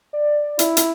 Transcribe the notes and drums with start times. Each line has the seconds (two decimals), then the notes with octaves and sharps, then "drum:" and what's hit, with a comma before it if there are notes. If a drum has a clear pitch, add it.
0.13 D5
0.59 E4, drum: hi-hat
0.77 drum: hi-hat